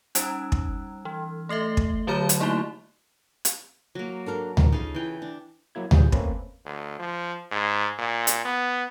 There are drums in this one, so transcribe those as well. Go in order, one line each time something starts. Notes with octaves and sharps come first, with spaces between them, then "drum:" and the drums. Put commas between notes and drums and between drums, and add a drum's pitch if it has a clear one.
G3 C#4 D#4, drum: hi-hat
drum: kick
E3
A3 A4 D#5 E5
drum: kick
D3 F#3 F#4 C#5 A#5 F6
drum: hi-hat
A3 A#3 D#4 E4 F#4
drum: hi-hat
F#3 A#3
D4 A4 A#4
D#4 A#4, drum: tom D2
C#3 D#4 F4 A4 F5
E3 G5
D4
F#3 A#3 E4 G#6
C#3 E3 G3 F4 G#4 G6, drum: tom D2
A3 A#3 C4 C#4 A4 B4, drum: kick
D2
F3
G#2
A#2
drum: hi-hat
B3